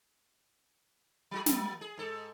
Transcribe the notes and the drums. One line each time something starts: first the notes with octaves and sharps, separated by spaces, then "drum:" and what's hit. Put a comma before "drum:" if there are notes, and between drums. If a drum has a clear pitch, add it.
F#3 F#4 G#4
F#3 A#3, drum: snare
G#4
G#2 A4